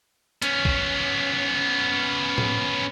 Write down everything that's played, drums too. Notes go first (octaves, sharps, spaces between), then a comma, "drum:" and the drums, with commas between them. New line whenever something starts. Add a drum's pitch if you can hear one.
B3 C#4, drum: hi-hat
drum: kick A1
drum: tom A2